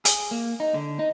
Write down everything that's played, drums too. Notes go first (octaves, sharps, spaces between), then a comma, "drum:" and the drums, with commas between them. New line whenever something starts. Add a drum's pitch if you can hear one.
G#4, drum: hi-hat
A#3
D#4
D3
D#4